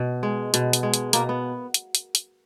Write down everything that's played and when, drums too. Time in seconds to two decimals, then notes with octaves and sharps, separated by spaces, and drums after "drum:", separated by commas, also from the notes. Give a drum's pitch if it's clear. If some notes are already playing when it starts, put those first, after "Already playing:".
Already playing: B2
0.23 G#3
0.54 B2, drum: hi-hat
0.73 drum: hi-hat
0.83 G#3
0.94 drum: hi-hat
1.13 B2 A#3, drum: hi-hat
1.29 B3
1.74 drum: hi-hat
1.95 drum: hi-hat
2.15 drum: hi-hat